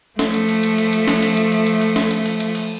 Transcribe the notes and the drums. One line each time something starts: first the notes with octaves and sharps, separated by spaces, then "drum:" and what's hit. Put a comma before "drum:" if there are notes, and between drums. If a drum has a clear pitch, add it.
F3 A3, drum: snare
drum: cymbal
drum: cymbal
drum: cymbal
drum: cymbal
drum: cymbal
drum: snare
drum: cymbal
drum: cymbal
drum: cymbal
drum: cymbal
drum: cymbal
drum: snare
drum: cymbal
drum: cymbal
drum: cymbal
drum: cymbal